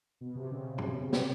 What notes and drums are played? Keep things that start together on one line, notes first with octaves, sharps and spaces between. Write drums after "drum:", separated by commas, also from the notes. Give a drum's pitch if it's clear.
B2
C3
C#3
drum: tom
C#3
C3, drum: snare